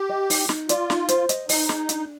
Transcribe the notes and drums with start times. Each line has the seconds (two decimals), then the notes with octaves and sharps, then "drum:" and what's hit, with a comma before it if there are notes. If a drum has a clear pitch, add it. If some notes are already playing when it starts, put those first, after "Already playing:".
Already playing: G4
0.09 D#5
0.30 D#4, drum: open hi-hat
0.49 D#4, drum: snare
0.69 F4 D5, drum: hi-hat
0.90 D#4, drum: snare
1.09 C5, drum: hi-hat
1.29 D#5, drum: hi-hat
1.49 D#4 D#5, drum: open hi-hat
1.69 G#4, drum: snare
1.89 D4, drum: hi-hat